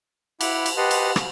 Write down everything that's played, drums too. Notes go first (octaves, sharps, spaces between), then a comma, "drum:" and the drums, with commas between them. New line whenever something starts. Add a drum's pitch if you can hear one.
E4 F#5 B5 D6, drum: cymbal
drum: cymbal
G4 B4 D#5 F#5 A5 C6
drum: cymbal
drum: rim click